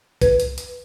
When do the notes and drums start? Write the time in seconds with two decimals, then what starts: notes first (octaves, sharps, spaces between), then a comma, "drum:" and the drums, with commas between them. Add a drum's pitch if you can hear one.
0.22 B4, drum: kick B1, hi-hat
0.40 drum: hi-hat
0.58 drum: hi-hat